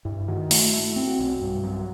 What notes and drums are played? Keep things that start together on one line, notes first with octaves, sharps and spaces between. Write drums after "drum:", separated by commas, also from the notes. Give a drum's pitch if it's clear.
G2 E4
D#3 F#4
A3 E4, drum: open hi-hat
A3 E4
C4
F#4
B1
G2
F#3